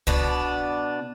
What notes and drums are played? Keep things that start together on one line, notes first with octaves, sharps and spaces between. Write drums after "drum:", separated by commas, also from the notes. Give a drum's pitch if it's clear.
B2 B3 D4, drum: kick